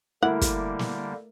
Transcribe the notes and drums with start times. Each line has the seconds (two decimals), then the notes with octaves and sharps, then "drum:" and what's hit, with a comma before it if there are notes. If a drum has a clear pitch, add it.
0.23 D3 G3 A3 A#3 E4 A#4 F#5
0.41 drum: kick, hi-hat
0.79 drum: snare